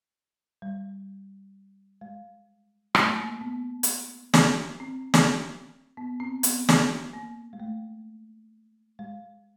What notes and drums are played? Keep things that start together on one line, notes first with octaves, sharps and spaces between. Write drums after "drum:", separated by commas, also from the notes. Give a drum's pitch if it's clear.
G3
G#3
A3, drum: rim click
A#3
B3
drum: hi-hat
C#4, drum: snare
C4
drum: snare
B3
C4
B3, drum: hi-hat
drum: snare
A#3
G#3
A3
G#3